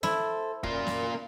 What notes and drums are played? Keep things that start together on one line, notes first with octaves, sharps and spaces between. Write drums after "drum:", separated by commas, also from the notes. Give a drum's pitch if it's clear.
E4 A4 C5, drum: snare
F#2 A#2 A#3 F4, drum: kick
drum: snare